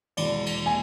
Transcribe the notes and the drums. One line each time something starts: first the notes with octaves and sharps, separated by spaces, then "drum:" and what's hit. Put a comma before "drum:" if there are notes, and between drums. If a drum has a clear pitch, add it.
E1 E2 B2 D5, drum: cymbal
drum: cymbal
G#5